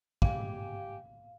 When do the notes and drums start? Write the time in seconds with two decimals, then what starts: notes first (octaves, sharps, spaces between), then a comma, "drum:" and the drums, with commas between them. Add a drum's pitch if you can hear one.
0.22 G#2 G4 F5 G#5, drum: kick